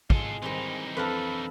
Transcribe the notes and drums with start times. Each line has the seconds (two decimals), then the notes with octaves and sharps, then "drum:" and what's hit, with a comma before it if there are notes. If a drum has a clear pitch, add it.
0.10 G#3 F4 A4, drum: kick
0.42 D#3 E3 G3 C4 D#4
0.97 F2 D4 B4 F5 A5 B5 E6